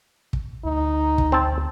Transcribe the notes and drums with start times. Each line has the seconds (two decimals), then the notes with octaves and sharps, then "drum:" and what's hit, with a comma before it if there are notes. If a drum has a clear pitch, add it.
0.33 drum: kick
0.65 D2 D#4
1.18 drum: kick
1.32 C4 A5